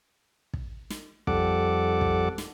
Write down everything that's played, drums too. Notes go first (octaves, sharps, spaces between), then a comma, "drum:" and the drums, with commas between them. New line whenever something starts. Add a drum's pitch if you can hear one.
drum: kick
drum: snare
F2 G3 A4 F#5 D6, drum: kick
drum: kick
drum: snare